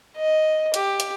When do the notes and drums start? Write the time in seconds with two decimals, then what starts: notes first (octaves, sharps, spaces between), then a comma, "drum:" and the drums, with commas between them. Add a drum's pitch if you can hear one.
0.17 D#5
0.74 G4, drum: hi-hat
1.00 drum: hi-hat